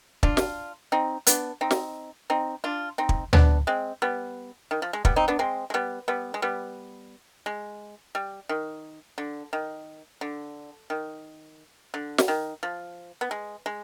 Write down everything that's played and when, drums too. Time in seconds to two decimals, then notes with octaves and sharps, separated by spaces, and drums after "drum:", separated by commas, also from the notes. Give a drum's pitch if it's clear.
0.23 D4 F4, drum: kick
0.37 drum: snare
0.92 C4 D#4
1.27 B3 D4, drum: hi-hat
1.61 C4 D#4
1.71 drum: snare
2.30 C4 D#4
2.64 D4 F4
2.98 C4 D#4
3.09 drum: kick
3.33 B3 D4, drum: tom
3.67 G#3 C4
4.02 G3 B3
4.71 D#3
4.82 F3
4.93 G#3
5.05 G3 B3, drum: kick
5.16 C4 D#4
5.28 B3 D4
5.39 G#3 C4
5.70 G#3
5.74 G3 B3
6.08 G3 B3
6.34 G#3
6.42 G3 B3
7.46 G#3
8.15 G3
8.49 D#3
9.18 D3
9.53 D#3
10.21 D3
10.90 D#3
11.94 D3
12.18 drum: snare
12.28 D#3
12.63 F3
13.21 B3
13.31 G#3
13.66 G#3